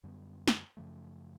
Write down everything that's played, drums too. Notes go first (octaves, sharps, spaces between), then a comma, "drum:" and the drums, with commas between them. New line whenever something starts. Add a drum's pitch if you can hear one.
F#2 D3 G3 B3
drum: snare
F#2 C#3 F3 A3